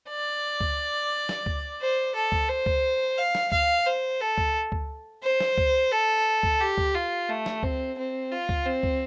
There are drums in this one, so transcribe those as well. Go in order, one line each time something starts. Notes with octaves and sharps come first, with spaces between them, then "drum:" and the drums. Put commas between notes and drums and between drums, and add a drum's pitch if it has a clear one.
D5
drum: kick C#2
drum: snare
drum: kick C#2
C5
A4
drum: kick C#2
C5
drum: kick C#2
F5
drum: snare
F5, drum: kick C#2
C5
A4
drum: kick C#2
drum: kick C#2
C5
drum: snare
drum: kick C#2
A4
drum: kick C#2
G4
drum: kick C#2
F4
A3
drum: snare
C4, drum: kick C#2
C4
F4
drum: kick C#2
C4
drum: kick C#2